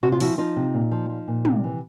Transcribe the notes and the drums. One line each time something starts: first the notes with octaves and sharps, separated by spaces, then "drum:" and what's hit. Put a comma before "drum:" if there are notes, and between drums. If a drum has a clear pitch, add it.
C3 F#4
F4
F3 E4 F#4, drum: open hi-hat
F3 D#4 F4
C3
A#2
F3
F3
A#2
C3, drum: tom
E3